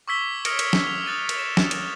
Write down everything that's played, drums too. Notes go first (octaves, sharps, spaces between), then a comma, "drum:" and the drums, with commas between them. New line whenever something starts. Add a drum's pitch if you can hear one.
C#6 D6 E6 G#6 B6 G7
D#6 F6 G#6 A#6 C#7 D7, drum: cymbal
drum: cymbal
drum: snare
D6 F7
D#6 F#6 A6 D#7
drum: cymbal
E7
drum: snare
drum: cymbal